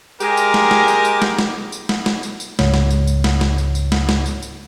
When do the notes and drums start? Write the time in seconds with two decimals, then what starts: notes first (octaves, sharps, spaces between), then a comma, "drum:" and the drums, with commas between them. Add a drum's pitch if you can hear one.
0.20 G#3 G4 A#4, drum: tambourine
0.37 drum: tambourine
0.54 drum: snare
0.71 drum: snare
0.88 drum: tambourine
1.05 drum: tambourine
1.22 drum: snare
1.39 drum: snare
1.72 drum: tambourine
1.89 drum: snare
2.06 drum: snare
2.23 drum: tambourine
2.40 drum: tambourine
2.59 C#2 G#2 C#3 C#5, drum: snare
2.74 drum: snare
2.91 drum: tambourine
3.07 drum: tambourine
3.24 drum: snare
3.41 drum: snare
3.58 drum: tambourine
3.75 drum: tambourine
3.92 drum: snare
4.09 drum: snare
4.26 drum: tambourine
4.43 drum: tambourine